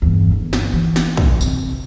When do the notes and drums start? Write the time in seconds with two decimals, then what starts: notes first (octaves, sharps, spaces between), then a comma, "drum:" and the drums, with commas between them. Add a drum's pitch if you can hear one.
0.02 E2 G2
0.31 G1
0.53 drum: snare
0.73 E3
0.96 drum: snare
1.17 drum: kick
1.41 C3, drum: tambourine